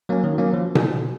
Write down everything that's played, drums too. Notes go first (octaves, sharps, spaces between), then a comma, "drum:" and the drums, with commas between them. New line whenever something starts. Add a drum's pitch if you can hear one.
F#3 A#3 C#4
D#3
F#3 A#3 C#4
F3
drum: tom B2